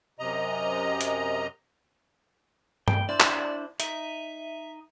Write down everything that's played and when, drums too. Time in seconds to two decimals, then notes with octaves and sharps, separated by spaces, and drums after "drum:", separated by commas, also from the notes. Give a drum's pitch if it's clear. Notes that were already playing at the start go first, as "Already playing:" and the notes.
0.19 F#2 C3 D#5 A#5
1.01 drum: hi-hat
2.88 G5, drum: tom G2
3.09 D4 E4 C5 D5
3.20 drum: clap
3.80 D#4 E5, drum: hi-hat